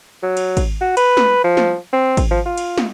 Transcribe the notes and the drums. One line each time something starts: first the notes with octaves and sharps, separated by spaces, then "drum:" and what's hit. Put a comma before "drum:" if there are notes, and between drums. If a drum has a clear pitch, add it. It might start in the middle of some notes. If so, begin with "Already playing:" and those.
F#3
drum: cymbal
drum: kick G#1, cymbal
F#4
B4, drum: cymbal
drum: snare
F3
drum: snare
C4
drum: kick G#1, cymbal
F3
F4
drum: cymbal
drum: snare